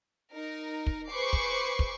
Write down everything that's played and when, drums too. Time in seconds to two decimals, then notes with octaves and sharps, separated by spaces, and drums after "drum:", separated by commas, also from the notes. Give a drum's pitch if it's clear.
0.33 D#4 A#4
0.87 drum: kick
1.10 G#4 B4 C5 C#6 D6 C7
1.33 drum: kick
1.79 drum: kick